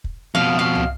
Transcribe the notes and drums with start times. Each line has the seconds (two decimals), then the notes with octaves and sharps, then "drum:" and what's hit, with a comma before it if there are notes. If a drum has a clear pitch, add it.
0.04 drum: kick
0.35 F2 B2 F5
0.59 F5
0.75 drum: tom